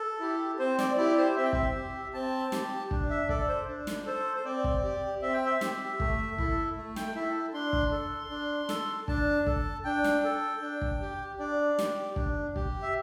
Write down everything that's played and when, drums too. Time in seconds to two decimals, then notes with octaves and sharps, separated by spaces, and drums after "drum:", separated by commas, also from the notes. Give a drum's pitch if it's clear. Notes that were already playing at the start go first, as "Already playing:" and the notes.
Already playing: A4
0.20 E4 G4
0.59 C4 C5
0.79 D5, drum: snare
0.97 E4 G4 D5
1.18 C5
1.36 C4 E5
1.44 G5
1.53 E5, drum: kick
1.75 G4
2.14 C4 A5
2.52 G4, drum: snare
2.91 D4, drum: kick
3.10 E5
3.29 A4 D5, drum: kick
3.48 C5
3.68 D4
3.87 drum: snare
4.06 A4 C5
4.36 C5
4.45 C4 D5
4.64 drum: kick
4.83 G4
5.22 C4 E5
5.33 G5
5.45 E5
5.61 G4, drum: snare
6.00 A3, drum: kick
6.38 E4 A4, drum: kick
6.76 A3
6.96 G5, drum: snare
7.15 E4 A4 E5
7.53 D4 C6
7.73 drum: kick
7.92 A4
8.31 D4
8.69 A4, drum: snare
9.08 D4 A5, drum: kick
9.47 A4, drum: kick
9.85 D4 G5
10.04 drum: snare
10.24 A4
10.62 D4
10.81 drum: kick
11.01 G4
11.39 D4 D5
11.79 G4, drum: snare
12.16 D4, drum: kick
12.56 G4, drum: kick
12.83 E5